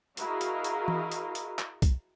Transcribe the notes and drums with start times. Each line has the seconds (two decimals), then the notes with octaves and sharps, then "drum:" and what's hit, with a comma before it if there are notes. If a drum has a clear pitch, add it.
0.17 E4 F#4 G#4 A#4 D#5 F5, drum: hi-hat
0.41 drum: hi-hat
0.64 drum: hi-hat
0.88 drum: tom E3
1.12 drum: hi-hat
1.35 drum: hi-hat
1.59 drum: clap
1.82 drum: kick B1, hi-hat